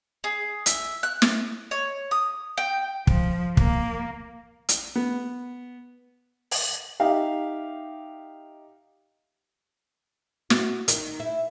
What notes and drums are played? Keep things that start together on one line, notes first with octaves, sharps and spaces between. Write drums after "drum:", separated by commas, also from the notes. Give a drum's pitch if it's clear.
G#4
E5, drum: hi-hat
F#6
drum: snare
C#5
D#6
G5
F3, drum: kick
A#3, drum: kick
drum: hi-hat
B3
drum: open hi-hat
D#4 G4 E5 F5
F#4, drum: snare
D#3, drum: hi-hat
E4